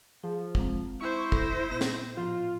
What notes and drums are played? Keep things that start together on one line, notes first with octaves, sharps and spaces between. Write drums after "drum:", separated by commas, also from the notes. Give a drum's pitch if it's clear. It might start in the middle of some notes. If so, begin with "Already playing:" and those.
F3 G#4
G#3 C4, drum: kick
E4 C5 C#6
A4 A#6, drum: kick
A#2 B3 A#6
drum: snare
A2 F3 F4